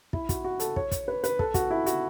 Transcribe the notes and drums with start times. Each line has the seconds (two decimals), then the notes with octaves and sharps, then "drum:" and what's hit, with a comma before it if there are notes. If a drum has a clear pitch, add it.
0.13 E4, drum: kick
0.29 F#4, drum: kick, hi-hat
0.44 F#4
0.60 A4, drum: hi-hat
0.76 C#5, drum: kick
0.92 drum: kick, hi-hat
1.08 B4
1.24 B4, drum: hi-hat
1.39 A4, drum: kick
1.54 F#4, drum: kick, hi-hat
1.71 E4
1.86 F#4, drum: hi-hat